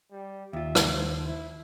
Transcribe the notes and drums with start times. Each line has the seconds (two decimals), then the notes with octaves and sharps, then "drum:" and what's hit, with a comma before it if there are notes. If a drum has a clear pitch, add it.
0.11 G3
0.53 D#2 F4 E5
0.75 drum: rim click
0.92 C5
1.26 E4